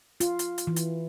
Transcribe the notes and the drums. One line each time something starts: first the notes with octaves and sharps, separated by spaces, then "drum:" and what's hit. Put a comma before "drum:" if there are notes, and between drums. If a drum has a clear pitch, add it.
F4, drum: hi-hat
drum: hi-hat
drum: hi-hat
E3
drum: hi-hat